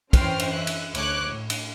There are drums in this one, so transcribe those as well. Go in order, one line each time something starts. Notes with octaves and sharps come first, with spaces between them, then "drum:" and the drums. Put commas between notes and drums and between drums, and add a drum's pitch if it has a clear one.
F#2 E3 C#4 C5 G5 F6, drum: kick, cymbal
drum: cymbal
E5 F#6
drum: cymbal
D2 C#5 D6 F#6, drum: cymbal
A2
drum: cymbal